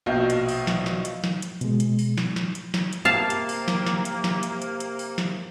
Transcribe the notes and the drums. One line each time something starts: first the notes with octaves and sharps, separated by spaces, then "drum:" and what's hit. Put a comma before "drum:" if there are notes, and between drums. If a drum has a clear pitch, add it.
A#1 B2 D#5 F5 G6
drum: hi-hat
drum: open hi-hat
drum: snare
drum: snare
drum: hi-hat
drum: snare
drum: hi-hat
B2 G#3, drum: hi-hat
drum: hi-hat
drum: open hi-hat
drum: snare
drum: snare
drum: hi-hat
drum: snare
drum: hi-hat
C3 A#3 F5 A5
drum: hi-hat
drum: open hi-hat
drum: snare
drum: snare
drum: hi-hat
drum: snare
drum: hi-hat
drum: hi-hat
drum: hi-hat
drum: open hi-hat
drum: snare